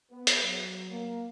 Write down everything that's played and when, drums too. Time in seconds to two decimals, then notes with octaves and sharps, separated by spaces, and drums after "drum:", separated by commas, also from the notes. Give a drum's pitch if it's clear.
0.11 B3
0.27 drum: hi-hat
0.42 F#3
0.90 A#3